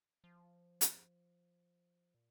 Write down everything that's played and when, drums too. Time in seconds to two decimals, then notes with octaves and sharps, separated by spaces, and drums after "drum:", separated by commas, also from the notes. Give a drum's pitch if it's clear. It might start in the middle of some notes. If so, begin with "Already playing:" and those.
0.24 F3
0.81 drum: hi-hat
2.14 A#2